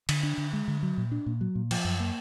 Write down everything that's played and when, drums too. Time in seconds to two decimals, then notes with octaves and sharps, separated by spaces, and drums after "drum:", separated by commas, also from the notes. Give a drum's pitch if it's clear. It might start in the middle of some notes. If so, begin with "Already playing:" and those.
0.09 D3, drum: cymbal
0.23 D4
0.38 D3
0.53 G#3
0.68 D3
0.83 F#3
0.98 A#2
1.12 D4
1.26 A#2
1.41 F#3
1.55 A#2
1.71 F3, drum: cymbal
1.85 F#2
2.00 A#3